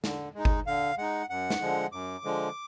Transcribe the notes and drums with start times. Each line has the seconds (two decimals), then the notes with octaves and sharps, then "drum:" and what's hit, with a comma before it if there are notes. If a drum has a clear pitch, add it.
0.04 D3, drum: snare
0.35 G#3 D#4
0.45 drum: kick G1
0.66 D3 F5
0.98 G#3 D#4 F#5
1.29 F#2 F#5
1.50 drum: snare
1.61 D3 F3 G#3
1.92 F#2 D6
2.24 D3 F3 G#3